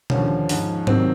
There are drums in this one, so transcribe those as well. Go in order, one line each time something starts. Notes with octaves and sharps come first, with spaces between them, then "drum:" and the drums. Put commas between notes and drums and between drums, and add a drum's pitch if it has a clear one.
D#2 D3 F3 C#4, drum: tom B2
G#2 F3, drum: open hi-hat
C3 D#3 F#3 C4, drum: tom G#2